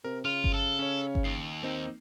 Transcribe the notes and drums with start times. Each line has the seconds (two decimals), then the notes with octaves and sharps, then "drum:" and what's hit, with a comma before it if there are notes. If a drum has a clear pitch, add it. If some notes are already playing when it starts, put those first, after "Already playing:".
0.04 C3 A#4
0.25 C#3 F4 F6
0.44 drum: kick G1
0.53 A4
0.79 C#4 C#5
1.15 drum: kick G1
1.24 D#2 C7
1.62 A#3 C4 D#4